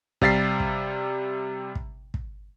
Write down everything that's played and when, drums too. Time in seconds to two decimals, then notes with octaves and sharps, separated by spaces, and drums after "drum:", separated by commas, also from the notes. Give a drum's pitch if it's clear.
0.21 C3 G3 F5 A6 B6 C7, drum: kick
0.60 drum: kick
1.75 drum: kick
2.14 drum: kick